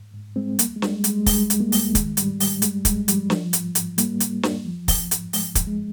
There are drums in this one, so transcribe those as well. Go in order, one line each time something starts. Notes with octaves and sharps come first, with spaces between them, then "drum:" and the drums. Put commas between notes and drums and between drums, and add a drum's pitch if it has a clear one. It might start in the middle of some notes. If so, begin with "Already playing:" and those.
Already playing: G#2
G#2
G3 G#3 C4
D2 G3 A#3, drum: hi-hat
G#3
G3, drum: snare
G#3
G3, drum: hi-hat
G#3
G3 G#3, drum: kick, open hi-hat
D#2, drum: hi-hat
G3 A#3
D#2, drum: open hi-hat
D#3 G#3, drum: kick, hi-hat
G#2 G3, drum: hi-hat
G3, drum: open hi-hat
G2 G#3, drum: hi-hat
G2 G#3, drum: kick, hi-hat
F3 G3, drum: hi-hat
F3, drum: snare
G#2, drum: hi-hat
G#2, drum: hi-hat
G3 A#3, drum: hi-hat
G3, drum: hi-hat
F2, drum: snare
F3
F3, drum: kick, open hi-hat
G#2, drum: hi-hat
F3 G#3, drum: open hi-hat
G2, drum: kick, hi-hat
G#3